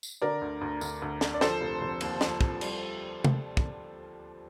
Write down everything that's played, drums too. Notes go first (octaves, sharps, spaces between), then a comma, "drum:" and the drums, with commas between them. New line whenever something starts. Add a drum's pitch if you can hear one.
drum: tambourine
D3 A#4 D5
D2
D2
D2, drum: tambourine
D2
D3, drum: snare
D5
F3 A4 C5, drum: snare
F1
F1
D#2, drum: cymbal
F3, drum: snare
F3, drum: kick
G3, drum: cymbal
drum: tom
drum: kick